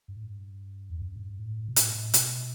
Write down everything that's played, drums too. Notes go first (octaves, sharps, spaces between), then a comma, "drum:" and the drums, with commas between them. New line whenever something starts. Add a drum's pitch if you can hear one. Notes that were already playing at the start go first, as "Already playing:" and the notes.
G2
A2
G2
E2
F#2
A2
G2
A2
B2
A2, drum: hi-hat
A2
B2, drum: hi-hat